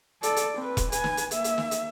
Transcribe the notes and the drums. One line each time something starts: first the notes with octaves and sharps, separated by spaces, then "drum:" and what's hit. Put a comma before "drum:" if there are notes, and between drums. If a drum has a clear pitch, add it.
A4 D5, drum: hi-hat
drum: hi-hat
C4 B4
drum: kick E1, hi-hat
B4 G#5, drum: hi-hat
drum: snare
drum: hi-hat
A#3 E5, drum: hi-hat
drum: hi-hat
drum: snare
drum: hi-hat